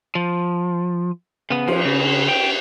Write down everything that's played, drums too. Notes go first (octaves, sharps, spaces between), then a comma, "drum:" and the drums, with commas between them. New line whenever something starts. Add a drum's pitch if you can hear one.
F3
C#3 B3
F3, drum: cymbal
C#3
G5